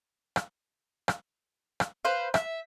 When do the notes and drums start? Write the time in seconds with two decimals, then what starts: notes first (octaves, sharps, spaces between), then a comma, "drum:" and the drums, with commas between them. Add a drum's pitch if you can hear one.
0.36 drum: rim click
1.08 drum: rim click
1.80 drum: rim click
2.05 B4 C5 F5
2.34 E5, drum: rim click